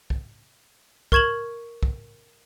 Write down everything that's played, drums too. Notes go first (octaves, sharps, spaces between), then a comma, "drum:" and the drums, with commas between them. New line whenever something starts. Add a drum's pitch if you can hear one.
drum: kick
A#4 C#6 G#6 E7 F#7, drum: kick
drum: kick